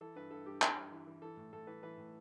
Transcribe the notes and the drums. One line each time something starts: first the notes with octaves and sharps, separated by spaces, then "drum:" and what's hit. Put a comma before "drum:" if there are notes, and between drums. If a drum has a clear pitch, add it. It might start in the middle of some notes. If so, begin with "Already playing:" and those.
E3 A4
G2 B4
G2 A4
G2 G4
G2, drum: clap
G2
E3
E3
E3 A4
A2
A2 A4
E3 B4
E3 B4
A2